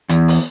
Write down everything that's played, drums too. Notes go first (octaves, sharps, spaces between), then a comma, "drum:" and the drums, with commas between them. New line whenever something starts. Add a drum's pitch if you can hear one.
E2, drum: hi-hat
drum: open hi-hat